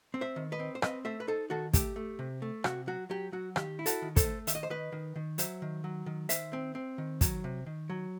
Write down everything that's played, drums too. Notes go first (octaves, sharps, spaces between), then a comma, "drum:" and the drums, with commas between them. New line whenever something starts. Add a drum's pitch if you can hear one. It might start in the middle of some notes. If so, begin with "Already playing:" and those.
C4
C5 E5
D#3
B4 D#5
C4
C5
C4 B4 D#5, drum: rim click
A3 C5 E5
B4
D#4 A4 C5
D#3 F#4 A4
A3 G4, drum: kick, hi-hat
A3
C3
A3
C3 F#4, drum: rim click
F#3 F#4
F#3 G4
F#3 F#4
D#3 G4, drum: rim click
E4
F#4 A4, drum: hi-hat
D#3
A4 C5, drum: kick, hi-hat
A3
D#3 E5, drum: hi-hat
D#5
C5
D#3 B4 D#5
D#3
D#3
F#3 C5 E5, drum: hi-hat
D#3
F#3
D#3
D#3 C5 E5, drum: hi-hat
C4
C4
D#3
F#3, drum: kick, hi-hat
C3
D#3
F#3